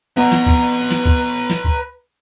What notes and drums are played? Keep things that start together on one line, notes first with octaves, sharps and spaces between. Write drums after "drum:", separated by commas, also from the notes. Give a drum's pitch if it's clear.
B3 B4 A#5
drum: snare
drum: kick
drum: snare
drum: kick
drum: snare
drum: kick